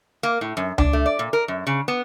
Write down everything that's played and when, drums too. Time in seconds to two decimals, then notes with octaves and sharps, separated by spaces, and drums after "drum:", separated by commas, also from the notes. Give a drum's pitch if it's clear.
0.23 A#3
0.41 A2
0.57 F#2
0.78 D4, drum: tom C#2
0.93 A3
1.06 D5
1.19 A#2
1.33 A#4
1.48 F#2
1.67 C#3
1.88 B3